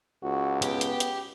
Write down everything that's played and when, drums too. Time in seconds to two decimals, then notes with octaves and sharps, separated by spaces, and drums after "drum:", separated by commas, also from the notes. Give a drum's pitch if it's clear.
0.23 C#2 F#4
0.62 B3 G4, drum: hi-hat
0.81 drum: hi-hat
1.00 drum: hi-hat